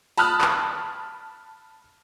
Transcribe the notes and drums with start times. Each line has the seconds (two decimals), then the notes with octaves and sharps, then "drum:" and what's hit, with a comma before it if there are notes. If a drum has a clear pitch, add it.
0.17 A5 B5 D#6 F6 F#6, drum: open hi-hat
0.41 drum: clap